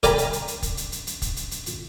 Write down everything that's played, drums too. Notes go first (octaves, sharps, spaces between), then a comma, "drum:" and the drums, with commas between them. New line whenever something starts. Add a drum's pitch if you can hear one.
A#4 D5 G5 G#5 A#5 B5, drum: kick, hi-hat
drum: hi-hat
drum: hi-hat
drum: hi-hat
drum: kick, hi-hat
drum: hi-hat
drum: hi-hat
drum: hi-hat
drum: kick, hi-hat
drum: hi-hat
drum: hi-hat
drum: hi-hat